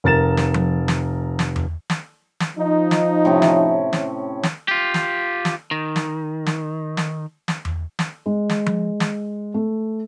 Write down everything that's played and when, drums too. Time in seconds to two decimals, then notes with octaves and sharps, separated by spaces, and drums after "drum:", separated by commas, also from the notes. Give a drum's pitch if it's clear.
0.04 F1 A#4 A6 E7
0.37 drum: snare
0.54 drum: tom F3
0.88 drum: snare
1.39 drum: snare
1.56 drum: tom E2
1.90 drum: snare
2.40 drum: snare
2.57 F3 D#4
2.91 drum: snare
3.25 A2 C3 C#4
3.42 drum: snare
3.93 drum: snare
4.43 drum: snare
4.68 F4 G4
4.94 drum: snare
5.45 drum: snare
5.71 D#3
5.96 drum: snare
6.46 drum: snare
6.97 drum: snare
7.48 drum: snare
7.65 drum: tom E2
7.99 drum: snare
8.26 G#3
8.49 drum: snare
8.66 drum: tom F3
9.00 drum: snare
9.54 A3